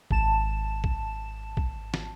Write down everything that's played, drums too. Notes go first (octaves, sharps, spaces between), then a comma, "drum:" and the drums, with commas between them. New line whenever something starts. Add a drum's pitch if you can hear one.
G#1 A5 E7, drum: kick B1
drum: kick B1
drum: kick B1
drum: snare